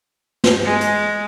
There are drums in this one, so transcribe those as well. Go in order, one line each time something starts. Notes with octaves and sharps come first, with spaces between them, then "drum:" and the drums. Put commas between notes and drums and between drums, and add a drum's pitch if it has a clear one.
drum: snare
G#3
drum: hi-hat